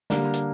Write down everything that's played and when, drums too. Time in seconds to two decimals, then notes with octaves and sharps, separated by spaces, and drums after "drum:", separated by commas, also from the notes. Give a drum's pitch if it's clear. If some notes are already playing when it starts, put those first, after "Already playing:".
0.10 D3 G3 A#3 D4 A#4, drum: snare
0.34 drum: hi-hat